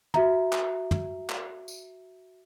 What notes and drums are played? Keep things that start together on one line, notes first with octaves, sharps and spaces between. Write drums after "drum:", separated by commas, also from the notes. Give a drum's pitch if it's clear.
F#4 E5 A#5, drum: tom
drum: clap
drum: tom
drum: clap
drum: tambourine